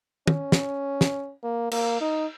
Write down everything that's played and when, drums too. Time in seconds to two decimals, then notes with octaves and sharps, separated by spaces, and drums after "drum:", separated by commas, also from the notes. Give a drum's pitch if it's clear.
0.27 C#4, drum: tom
0.52 drum: snare
1.01 drum: snare
1.43 A#3
1.72 A#3, drum: cymbal
2.01 D#4